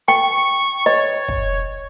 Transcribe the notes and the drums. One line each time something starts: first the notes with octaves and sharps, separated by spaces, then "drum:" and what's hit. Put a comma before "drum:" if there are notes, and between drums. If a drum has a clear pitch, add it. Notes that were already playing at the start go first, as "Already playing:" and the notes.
G5 C#6
C#5 D#5
drum: kick